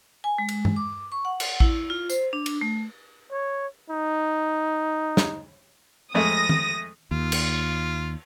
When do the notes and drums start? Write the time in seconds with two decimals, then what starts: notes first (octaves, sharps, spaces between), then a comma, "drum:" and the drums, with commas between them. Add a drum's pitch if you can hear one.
0.24 G#5
0.38 G#3
0.49 drum: cymbal
0.65 drum: tom G2
0.76 D6
1.12 C#6
1.25 F#5
1.40 drum: cymbal
1.60 E4, drum: kick A1
1.90 F4
2.10 C5, drum: tambourine
2.33 D4
2.46 drum: cymbal
2.61 A3
3.31 C#5
3.90 D#4
5.17 drum: snare
6.14 F2 G#3 A3 D#6 A#6
6.49 drum: tom
7.11 D#2 F4
7.32 drum: cymbal